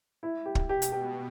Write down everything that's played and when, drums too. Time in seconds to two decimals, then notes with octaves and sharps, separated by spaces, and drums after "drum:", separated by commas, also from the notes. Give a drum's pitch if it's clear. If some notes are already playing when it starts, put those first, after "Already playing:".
0.23 E4
0.46 G4
0.55 drum: kick
0.69 B2 G4
0.82 drum: hi-hat
0.92 G4